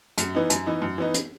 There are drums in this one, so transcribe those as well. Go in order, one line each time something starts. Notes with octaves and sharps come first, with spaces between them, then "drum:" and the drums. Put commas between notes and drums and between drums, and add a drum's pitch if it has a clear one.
F#2, drum: hi-hat
E3 B3 D#4
F#2, drum: hi-hat
E3 B3 D#4
F#2
E3 B3 D#4
drum: hi-hat